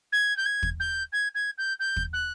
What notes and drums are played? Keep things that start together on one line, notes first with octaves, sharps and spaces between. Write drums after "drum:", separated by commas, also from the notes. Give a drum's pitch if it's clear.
G#6
G6
G#6
drum: kick
G6
G#6
G#6
G6
G6
drum: kick
F#6